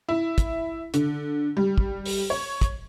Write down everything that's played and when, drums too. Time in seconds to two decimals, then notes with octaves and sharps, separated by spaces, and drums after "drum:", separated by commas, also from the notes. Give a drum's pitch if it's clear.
0.09 E4
0.38 drum: kick, hi-hat
0.94 D3, drum: hi-hat
1.57 G3
1.78 drum: kick
2.06 drum: open hi-hat
2.30 C#5
2.61 drum: kick, hi-hat